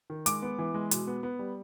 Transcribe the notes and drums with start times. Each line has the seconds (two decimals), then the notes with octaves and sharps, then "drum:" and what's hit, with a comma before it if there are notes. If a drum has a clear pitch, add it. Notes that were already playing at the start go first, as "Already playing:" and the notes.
0.10 D#3
0.26 G#3 D6, drum: hi-hat
0.42 B3
0.59 E3
0.74 G#3
0.91 B2, drum: hi-hat
1.07 B3
1.23 B3
1.39 G3